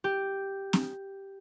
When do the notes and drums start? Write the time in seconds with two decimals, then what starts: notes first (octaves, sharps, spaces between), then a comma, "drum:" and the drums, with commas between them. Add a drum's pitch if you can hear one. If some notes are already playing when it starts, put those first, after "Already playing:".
0.04 G4
0.73 drum: snare C4